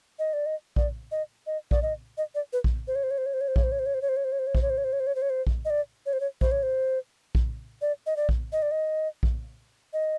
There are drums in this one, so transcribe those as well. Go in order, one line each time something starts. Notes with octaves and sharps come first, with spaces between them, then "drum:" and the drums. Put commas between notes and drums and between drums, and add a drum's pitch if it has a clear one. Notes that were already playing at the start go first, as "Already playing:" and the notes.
D#5
D5
D#5
D5, drum: kick A#1
D#5
D#5
D5, drum: kick A#1
D#5
D#5
D5
B4
drum: kick A#1
C5
C#5
C5
C#5
C5
C#5
C5
C#5
C5
C#5, drum: kick A#1
C5
C#5
C5
C#5
C5
C#5
C5
C#5
C5
C#5
C5
C#5
C5, drum: kick A#1
C#5
C5
C#5
C5
C#5
C5
C#5
C5
C#5
C5
drum: kick A#1
D#5
D5
C#5
C5
C#5
C5, drum: kick A#1
C#5
C5
drum: kick A#1
D5
D#5
D5
drum: kick A#1
D#5
D5
D#5
drum: kick A#1
D#5